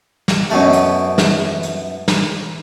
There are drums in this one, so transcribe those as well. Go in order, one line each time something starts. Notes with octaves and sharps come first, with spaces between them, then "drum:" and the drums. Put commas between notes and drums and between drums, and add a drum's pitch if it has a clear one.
drum: snare
F#2 B2 A3
drum: hi-hat
drum: snare
drum: hi-hat
drum: snare